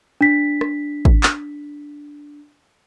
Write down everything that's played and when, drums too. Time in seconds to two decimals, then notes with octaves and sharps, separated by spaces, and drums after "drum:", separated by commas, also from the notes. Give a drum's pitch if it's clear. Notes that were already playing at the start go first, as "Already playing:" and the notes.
0.21 D4 B6
0.61 drum: rim click
1.05 drum: kick G#1
1.23 drum: clap